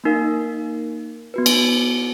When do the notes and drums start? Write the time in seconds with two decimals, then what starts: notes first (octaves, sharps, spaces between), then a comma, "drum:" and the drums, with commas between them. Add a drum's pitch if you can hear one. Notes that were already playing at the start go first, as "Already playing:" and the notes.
0.04 A#3 D#4 A#4 F5
1.34 B3 F#4 B4
1.46 drum: cymbal